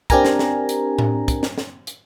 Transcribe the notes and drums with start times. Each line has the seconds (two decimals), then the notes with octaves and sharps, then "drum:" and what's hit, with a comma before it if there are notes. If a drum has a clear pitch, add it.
0.10 C4 D4 G4 A#4 G#5 A#5, drum: kick, hi-hat
0.25 drum: snare
0.39 drum: snare
0.69 drum: hi-hat
0.99 drum: tom A2
1.28 drum: kick, hi-hat
1.43 drum: snare
1.58 drum: snare
1.87 drum: hi-hat